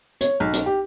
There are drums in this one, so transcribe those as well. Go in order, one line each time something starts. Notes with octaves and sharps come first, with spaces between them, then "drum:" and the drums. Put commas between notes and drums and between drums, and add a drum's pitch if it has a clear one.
C#5, drum: hi-hat
B1
drum: hi-hat
G4